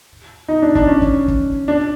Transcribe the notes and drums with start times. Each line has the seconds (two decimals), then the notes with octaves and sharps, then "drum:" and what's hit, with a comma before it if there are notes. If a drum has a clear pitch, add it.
0.48 D#4
0.62 D4
0.75 D4, drum: kick
0.88 C#4
1.02 drum: kick
1.28 drum: kick
1.68 D4